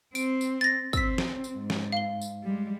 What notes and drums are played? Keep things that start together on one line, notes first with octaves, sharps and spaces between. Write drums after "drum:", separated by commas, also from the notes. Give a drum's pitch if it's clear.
C4 D7, drum: tambourine
drum: tambourine
A6 A#6
C4 E6 B6, drum: kick, tambourine
drum: snare
drum: tambourine
G#2
drum: snare
F5 G7
drum: tambourine
G3 G#3